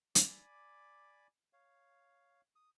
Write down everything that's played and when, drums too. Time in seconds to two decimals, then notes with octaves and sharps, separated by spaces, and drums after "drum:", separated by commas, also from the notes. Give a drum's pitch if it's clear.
0.15 D5 G#5 B5 D6, drum: hi-hat
1.53 C#5 F5
2.56 D#6